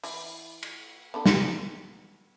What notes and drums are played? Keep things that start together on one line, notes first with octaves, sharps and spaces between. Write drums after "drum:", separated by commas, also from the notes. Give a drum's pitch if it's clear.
E3 E4, drum: open hi-hat
drum: cymbal
B3 D4 A4
drum: snare